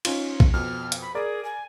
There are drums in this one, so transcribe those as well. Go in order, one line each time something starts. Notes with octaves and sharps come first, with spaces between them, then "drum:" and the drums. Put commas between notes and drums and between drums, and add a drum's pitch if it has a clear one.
C#4 D#4 F4, drum: cymbal
drum: kick A#1
F2 B2 F6
drum: hi-hat
B5
G#4 A#4 D5
G#5